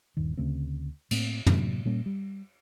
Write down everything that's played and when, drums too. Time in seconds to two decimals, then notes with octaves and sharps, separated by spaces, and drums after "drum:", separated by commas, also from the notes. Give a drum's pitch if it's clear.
0.17 D#1 G2 D#3
0.37 D2 C#3 A3 C4
1.11 A2 A3 A#3 C4, drum: cymbal
1.46 A2 C3 F#3 A#3, drum: tom
1.85 A#2 G3 A#3 C#4
2.06 G3